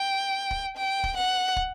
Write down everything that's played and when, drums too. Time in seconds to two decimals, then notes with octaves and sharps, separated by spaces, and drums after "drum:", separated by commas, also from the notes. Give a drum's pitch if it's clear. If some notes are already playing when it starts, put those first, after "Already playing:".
Already playing: G5
0.51 drum: kick
0.77 G5
1.04 drum: kick
1.17 F#5
1.56 drum: kick